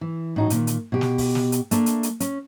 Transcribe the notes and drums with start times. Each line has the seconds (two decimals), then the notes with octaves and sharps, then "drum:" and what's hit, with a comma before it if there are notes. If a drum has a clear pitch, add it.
0.01 E3
0.36 A2 D#4 F#4
0.50 A#2 D#3, drum: hi-hat
0.67 drum: hi-hat
0.92 B2 G4
1.01 drum: snare
1.18 drum: kick, open hi-hat
1.35 drum: snare
1.52 drum: hi-hat
1.71 A3 A#3 D4, drum: hi-hat
1.86 drum: hi-hat
2.03 drum: hi-hat
2.20 C#4, drum: hi-hat